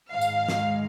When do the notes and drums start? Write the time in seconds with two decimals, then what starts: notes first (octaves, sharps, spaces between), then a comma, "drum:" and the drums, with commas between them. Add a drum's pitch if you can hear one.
0.12 G#2 D#3 G#3 F5
0.21 drum: tambourine
0.49 drum: snare